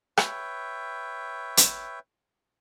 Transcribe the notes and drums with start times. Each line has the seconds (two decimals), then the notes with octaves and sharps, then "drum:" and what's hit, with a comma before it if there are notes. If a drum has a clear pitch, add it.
0.17 B4 C#5 E5 G5, drum: rim click
1.57 drum: hi-hat